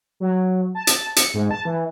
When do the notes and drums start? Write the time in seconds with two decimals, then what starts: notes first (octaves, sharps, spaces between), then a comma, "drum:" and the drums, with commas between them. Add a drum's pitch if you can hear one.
0.20 F#3
0.75 A5
0.87 A5, drum: hi-hat
1.16 C#7, drum: hi-hat
1.34 G#2
1.51 A5
1.65 E3